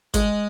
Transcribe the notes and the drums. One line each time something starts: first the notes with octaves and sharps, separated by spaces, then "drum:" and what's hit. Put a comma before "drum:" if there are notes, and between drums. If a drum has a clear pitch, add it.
G#3, drum: kick, hi-hat